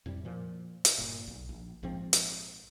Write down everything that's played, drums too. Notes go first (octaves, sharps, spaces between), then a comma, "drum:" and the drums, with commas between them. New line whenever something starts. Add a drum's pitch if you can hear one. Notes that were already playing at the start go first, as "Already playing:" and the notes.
F2 A2 C3 G3
A#2 F3
drum: hi-hat
G1 A#2
B1
A#1
A#1 G#2 F3 C4
drum: hi-hat